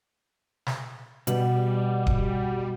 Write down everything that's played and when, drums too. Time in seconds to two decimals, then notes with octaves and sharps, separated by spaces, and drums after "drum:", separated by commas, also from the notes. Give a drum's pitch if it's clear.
0.67 drum: snare
1.27 B2 G3 F#5, drum: hi-hat
2.07 drum: kick D1